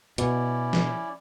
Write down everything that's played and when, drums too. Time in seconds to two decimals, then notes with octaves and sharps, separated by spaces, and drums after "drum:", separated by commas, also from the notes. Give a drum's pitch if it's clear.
0.18 B2 C#4 E4 D5, drum: hi-hat
0.73 drum: snare